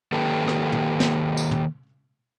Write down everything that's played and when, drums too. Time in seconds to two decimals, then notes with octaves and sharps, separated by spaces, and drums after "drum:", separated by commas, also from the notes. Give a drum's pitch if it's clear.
0.12 D#3 A#3 G4 A4 B4
0.48 drum: rim click
0.72 drum: tom
1.00 drum: snare
1.37 drum: tambourine
1.51 drum: tom